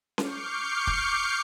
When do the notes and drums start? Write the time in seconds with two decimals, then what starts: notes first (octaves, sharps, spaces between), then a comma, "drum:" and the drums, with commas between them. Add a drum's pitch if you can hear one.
0.18 C#6 D6 F6 G6 C7 C#7, drum: snare C#4
0.87 drum: kick